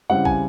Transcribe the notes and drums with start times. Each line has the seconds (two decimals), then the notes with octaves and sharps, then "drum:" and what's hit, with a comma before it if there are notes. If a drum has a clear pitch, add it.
0.10 C#3 E3 G3 C4 F#5
0.25 G#5, drum: kick